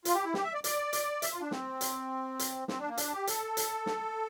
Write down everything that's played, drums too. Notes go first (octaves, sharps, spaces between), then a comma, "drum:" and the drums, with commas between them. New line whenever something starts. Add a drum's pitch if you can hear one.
F4, drum: hi-hat
G4
E4
G4, drum: snare
E5
D5
D5, drum: hi-hat
drum: hi-hat
E5, drum: hi-hat
F4
D4
C4, drum: snare
drum: hi-hat
drum: hi-hat
C4, drum: snare
D4
A#3
D4, drum: hi-hat
G4
A4, drum: hi-hat
drum: hi-hat
drum: snare